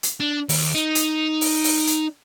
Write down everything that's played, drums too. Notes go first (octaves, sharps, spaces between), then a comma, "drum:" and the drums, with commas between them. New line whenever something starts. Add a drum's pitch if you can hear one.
drum: hi-hat
D4
D#2, drum: open hi-hat
D#4
drum: hi-hat
drum: open hi-hat
drum: open hi-hat
drum: hi-hat